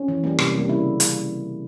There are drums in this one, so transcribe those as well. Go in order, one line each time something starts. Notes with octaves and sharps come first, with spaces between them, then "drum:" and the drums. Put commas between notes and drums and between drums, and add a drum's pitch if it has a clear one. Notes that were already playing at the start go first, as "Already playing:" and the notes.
Already playing: C#4
E3
G3 A#3
C3, drum: rim click
G3 A#3
C#3 E4
drum: hi-hat